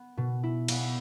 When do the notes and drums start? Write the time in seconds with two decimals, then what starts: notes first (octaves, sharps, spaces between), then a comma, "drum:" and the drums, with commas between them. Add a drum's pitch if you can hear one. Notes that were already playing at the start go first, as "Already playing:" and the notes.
Already playing: B3
0.17 B2
0.43 E4
0.68 B3, drum: cymbal